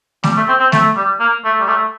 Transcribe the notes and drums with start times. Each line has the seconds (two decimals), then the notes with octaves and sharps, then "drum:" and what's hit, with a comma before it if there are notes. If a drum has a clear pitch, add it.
0.23 G3, drum: snare A3
0.37 A3
0.48 C4
0.60 C4
0.72 A3, drum: snare A3
0.96 G3
1.20 A#3
1.44 A3
1.61 G3
1.68 A3